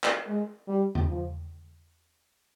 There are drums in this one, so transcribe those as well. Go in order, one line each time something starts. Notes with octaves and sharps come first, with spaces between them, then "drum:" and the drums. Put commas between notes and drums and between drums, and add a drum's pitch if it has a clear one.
drum: clap
G#3
G3
drum: tom E2
F3